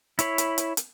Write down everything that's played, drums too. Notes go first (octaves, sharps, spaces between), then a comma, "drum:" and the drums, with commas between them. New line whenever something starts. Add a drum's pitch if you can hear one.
E4 C#5 B5, drum: hi-hat
drum: hi-hat
drum: hi-hat
drum: hi-hat